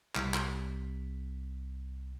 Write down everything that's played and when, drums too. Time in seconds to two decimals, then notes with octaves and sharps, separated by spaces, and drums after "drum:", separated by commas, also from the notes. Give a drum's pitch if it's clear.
0.16 C2 B6, drum: clap
0.34 drum: clap